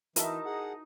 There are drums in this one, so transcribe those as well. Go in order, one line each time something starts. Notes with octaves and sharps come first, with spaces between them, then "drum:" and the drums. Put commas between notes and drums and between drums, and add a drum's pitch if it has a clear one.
E3 D#4 E4 F#4 A#4 D#5 E5 A5, drum: hi-hat
G#4 F#5